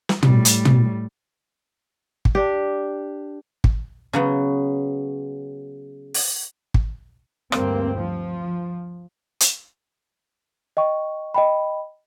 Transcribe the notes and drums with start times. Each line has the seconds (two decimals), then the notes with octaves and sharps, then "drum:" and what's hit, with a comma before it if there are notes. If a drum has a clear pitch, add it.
0.09 drum: snare
0.23 A2 G3 A3, drum: tom
0.45 drum: hi-hat
0.65 drum: tom
2.25 drum: kick
2.35 D4 G4
3.64 drum: kick
4.13 C#3 F#3 B3
6.14 drum: open hi-hat
6.74 drum: kick
7.52 D2 G2 A#3 C4, drum: rim click
7.96 F3
9.40 drum: hi-hat
10.77 D#5 G5 C#6
11.34 D#5 G5 B5